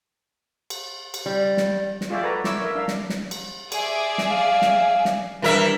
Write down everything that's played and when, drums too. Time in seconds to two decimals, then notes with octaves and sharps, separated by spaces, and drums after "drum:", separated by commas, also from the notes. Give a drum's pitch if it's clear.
0.70 drum: cymbal
1.14 drum: cymbal
1.26 G3
1.57 drum: snare
2.01 drum: snare
2.10 F4 G#4 C#5 D5 E5 G5
2.22 F#4 A4 B4 A#5
2.44 E4 C#5 D6 E6, drum: snare
2.60 A#4 E5
2.75 D4 F5 A#5
2.88 drum: snare
3.10 drum: snare
3.31 drum: cymbal
3.72 G#4 D5 E5, drum: cymbal
4.18 drum: snare
4.30 F5
4.62 drum: snare
5.05 drum: snare
5.42 E3 G3 D4 A#4 E5